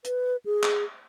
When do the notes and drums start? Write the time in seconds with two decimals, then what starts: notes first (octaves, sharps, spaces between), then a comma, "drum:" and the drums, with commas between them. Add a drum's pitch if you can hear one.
0.05 B4, drum: hi-hat
0.46 G#4
0.63 drum: clap